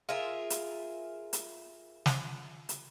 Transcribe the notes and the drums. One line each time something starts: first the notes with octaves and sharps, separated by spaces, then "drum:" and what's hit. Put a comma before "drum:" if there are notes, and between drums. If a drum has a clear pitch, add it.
F4 G#4 A#4 E5
drum: hi-hat
drum: hi-hat
drum: snare
drum: hi-hat